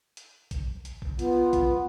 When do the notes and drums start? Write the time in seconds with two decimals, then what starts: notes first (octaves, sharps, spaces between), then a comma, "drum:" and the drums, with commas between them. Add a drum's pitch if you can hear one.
0.17 drum: hi-hat
0.51 drum: kick A#1, hi-hat
0.85 drum: hi-hat
1.02 drum: kick A#1
1.19 B3 F4, drum: hi-hat
1.53 drum: kick A#1, hi-hat